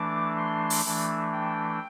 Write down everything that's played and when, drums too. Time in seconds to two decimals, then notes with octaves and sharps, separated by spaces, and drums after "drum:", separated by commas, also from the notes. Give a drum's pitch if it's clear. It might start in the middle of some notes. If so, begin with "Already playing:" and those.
Already playing: E3 A3 D4 D6
0.38 C6
0.70 drum: open hi-hat
0.85 E3 A3 D4
1.32 G5